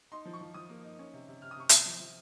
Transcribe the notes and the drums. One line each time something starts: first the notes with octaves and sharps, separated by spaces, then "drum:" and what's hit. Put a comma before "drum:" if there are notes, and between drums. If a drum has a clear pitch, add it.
D#4 C6
F3
C#6
F3
F3 D#6
A#3
D#4
C#4
C3
C3
C3 F6
D#6
C3 C#6
C3 D#6, drum: hi-hat
F3
F3